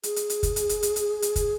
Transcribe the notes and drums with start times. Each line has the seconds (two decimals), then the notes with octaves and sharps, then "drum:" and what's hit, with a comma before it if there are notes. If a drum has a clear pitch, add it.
0.03 G#4, drum: hi-hat
0.16 drum: hi-hat
0.30 drum: hi-hat
0.43 drum: kick, hi-hat
0.56 drum: hi-hat
0.69 drum: hi-hat
0.83 drum: hi-hat
0.96 drum: hi-hat
1.22 drum: hi-hat
1.36 drum: kick, hi-hat